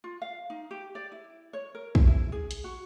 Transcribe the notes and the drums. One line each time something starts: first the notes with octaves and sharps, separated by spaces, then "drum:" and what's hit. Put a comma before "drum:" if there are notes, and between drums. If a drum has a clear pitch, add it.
F4
F5
D#4
G4
D5
E4
C#5
A#4
drum: kick
E4
G#4
drum: hi-hat
F#4